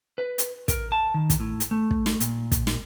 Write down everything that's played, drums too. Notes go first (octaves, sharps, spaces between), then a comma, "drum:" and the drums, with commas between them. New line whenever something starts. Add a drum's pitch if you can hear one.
B4
drum: hi-hat
A#4, drum: kick, hi-hat
A5
D#3
drum: kick, hi-hat
A2
drum: hi-hat
A3
drum: kick
drum: snare
A#2, drum: hi-hat
drum: kick, hi-hat
drum: snare